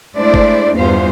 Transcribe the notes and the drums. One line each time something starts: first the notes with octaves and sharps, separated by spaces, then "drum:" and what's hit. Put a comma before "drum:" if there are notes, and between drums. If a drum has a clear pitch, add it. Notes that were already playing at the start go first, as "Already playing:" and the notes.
G#3 A3 D4 E4 C5 D5
drum: kick
E2 G2 B3 F4 C5 F5